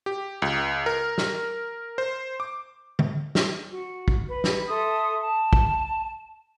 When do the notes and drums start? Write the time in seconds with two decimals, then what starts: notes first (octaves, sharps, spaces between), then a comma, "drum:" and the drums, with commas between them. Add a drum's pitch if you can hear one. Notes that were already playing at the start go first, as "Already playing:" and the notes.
0.06 G4
0.42 C#2
0.86 A#4
1.18 drum: snare
1.98 C5
2.40 D6
2.99 drum: tom D3
3.35 drum: snare
3.71 F#4
4.08 drum: kick
4.29 B4
4.44 drum: snare
4.69 A4 E5 C6 D#6
5.21 A5
5.53 drum: kick